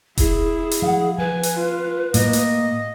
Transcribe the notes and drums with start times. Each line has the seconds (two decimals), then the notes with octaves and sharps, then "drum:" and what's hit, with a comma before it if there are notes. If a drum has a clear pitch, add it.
0.18 E4 G#4, drum: kick E1, hi-hat
0.71 drum: hi-hat
0.82 F3 F5 F#5
1.18 F3 B4 G#5
1.43 drum: hi-hat
1.54 F4
2.14 A2 A#3 D#5, drum: hi-hat
2.33 drum: hi-hat